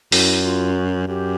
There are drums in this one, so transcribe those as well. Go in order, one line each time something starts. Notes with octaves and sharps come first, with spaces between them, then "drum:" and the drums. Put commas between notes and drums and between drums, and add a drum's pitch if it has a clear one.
F#2 E4, drum: open hi-hat
F4
F#4
F#2 G4